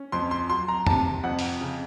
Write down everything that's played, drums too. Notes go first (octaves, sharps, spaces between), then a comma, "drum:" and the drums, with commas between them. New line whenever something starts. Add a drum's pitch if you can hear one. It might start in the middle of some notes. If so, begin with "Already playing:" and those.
Already playing: C#4
F2 C6
C6
F#3 C6
A#5
C3 A5, drum: tom F2
F2 F#5
drum: open hi-hat
C#3